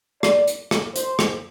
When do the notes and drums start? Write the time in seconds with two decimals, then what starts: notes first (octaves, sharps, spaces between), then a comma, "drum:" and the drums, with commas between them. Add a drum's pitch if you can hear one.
0.23 D5, drum: rim click
0.48 drum: hi-hat
0.71 drum: rim click
0.96 C5, drum: hi-hat
1.19 drum: rim click